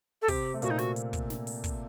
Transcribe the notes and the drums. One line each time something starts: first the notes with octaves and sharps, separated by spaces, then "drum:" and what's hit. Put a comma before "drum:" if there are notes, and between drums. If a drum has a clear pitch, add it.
A4
C3 C4 G4, drum: kick, open hi-hat
A3
A#2 A#3 F#4, drum: hi-hat
D#4
F#4, drum: snare
drum: hi-hat
drum: kick, hi-hat
drum: snare
drum: open hi-hat
drum: kick, hi-hat